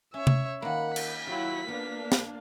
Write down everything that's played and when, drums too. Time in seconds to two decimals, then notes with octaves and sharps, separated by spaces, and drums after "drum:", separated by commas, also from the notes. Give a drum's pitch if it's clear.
0.14 C#4 C#5 E5
0.27 drum: tom C3
0.62 D#3 A#3 F#5 B5
0.96 B6, drum: cymbal
1.27 F#3 E4 F4 G4 F#5
1.68 A#3 B3 D4 F5
2.12 drum: snare